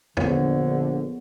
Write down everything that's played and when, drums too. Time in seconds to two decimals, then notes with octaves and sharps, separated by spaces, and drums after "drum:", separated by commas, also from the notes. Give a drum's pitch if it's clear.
0.17 A#1 D3 B3 G#4 C#5, drum: tom